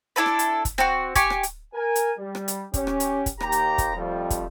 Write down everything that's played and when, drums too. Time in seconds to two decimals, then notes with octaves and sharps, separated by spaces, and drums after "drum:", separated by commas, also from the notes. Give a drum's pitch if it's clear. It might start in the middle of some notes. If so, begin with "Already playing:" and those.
0.16 D4 E4 A4 B4
0.26 drum: rim click
0.39 drum: hi-hat
0.65 drum: kick, hi-hat
0.78 C4 F#4, drum: rim click
1.15 G4 G#5 C#6, drum: kick, hi-hat
1.30 drum: rim click
1.43 drum: hi-hat
1.74 A#4 G#5
1.96 drum: hi-hat
2.18 G3
2.35 drum: rim click
2.48 drum: hi-hat
2.74 C#4 G4, drum: kick, hi-hat
2.87 drum: rim click
3.00 drum: hi-hat
3.26 drum: kick, hi-hat
3.40 D#2 G4 A#5, drum: rim click
3.52 drum: hi-hat
3.78 drum: kick, hi-hat
3.96 F2 F3 G3 A3
4.30 drum: kick, hi-hat